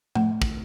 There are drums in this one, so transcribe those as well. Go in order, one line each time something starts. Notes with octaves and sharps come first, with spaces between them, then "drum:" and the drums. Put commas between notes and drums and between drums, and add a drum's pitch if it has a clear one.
A3, drum: tom A2
drum: kick